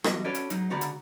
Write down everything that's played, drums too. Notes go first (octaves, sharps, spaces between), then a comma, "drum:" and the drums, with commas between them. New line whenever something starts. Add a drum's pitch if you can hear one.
B1 E2 G3 F#4 D#5, drum: rim click
C#4 F#4 A4 B4 C#5 D5
drum: hi-hat
G#2 F#3 D#4, drum: hi-hat
C#2 D3 F#4 D5 A#5 B5
drum: hi-hat